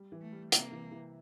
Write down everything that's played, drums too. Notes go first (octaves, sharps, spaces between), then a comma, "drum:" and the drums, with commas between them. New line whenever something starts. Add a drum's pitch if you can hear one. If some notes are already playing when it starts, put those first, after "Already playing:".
Already playing: G3
E3
A3
G3
C3 A#3, drum: hi-hat
E3
E3